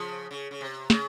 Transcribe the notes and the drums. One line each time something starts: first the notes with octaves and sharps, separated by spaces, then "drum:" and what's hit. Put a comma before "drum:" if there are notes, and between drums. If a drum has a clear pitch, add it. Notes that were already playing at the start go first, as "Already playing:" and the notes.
Already playing: C#3 F3
C#3
C#3
C3
C#3, drum: snare